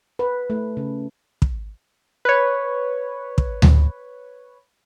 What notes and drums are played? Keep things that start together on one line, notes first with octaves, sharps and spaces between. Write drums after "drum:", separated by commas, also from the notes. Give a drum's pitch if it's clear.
B4
A3
C#3
drum: kick
B4 C#5
drum: kick
drum: tom D2